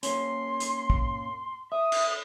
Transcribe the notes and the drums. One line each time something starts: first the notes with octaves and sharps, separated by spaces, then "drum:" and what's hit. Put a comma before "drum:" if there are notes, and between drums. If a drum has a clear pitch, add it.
A#3 C#4 C6, drum: hi-hat
drum: hi-hat
drum: kick
E5 D#6
drum: cymbal